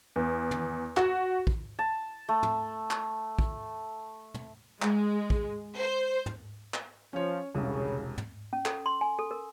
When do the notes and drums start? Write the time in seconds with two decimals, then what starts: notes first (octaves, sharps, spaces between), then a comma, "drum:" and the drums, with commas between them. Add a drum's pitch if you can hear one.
0.16 E2
0.51 drum: tom
0.97 F#4, drum: clap
1.47 drum: kick
1.79 A5
2.28 A3
2.43 drum: tom
2.91 drum: clap
3.39 drum: kick
4.34 drum: tom
4.82 G#3, drum: clap
5.30 drum: kick
5.76 C5
6.26 drum: tom
6.74 drum: clap
7.13 F3 C#4 C#5
7.55 E1 C2 C#3
8.18 drum: tom
8.53 C#4
8.66 A4, drum: clap
8.86 C6
9.01 G#5
9.19 A4
9.31 A#4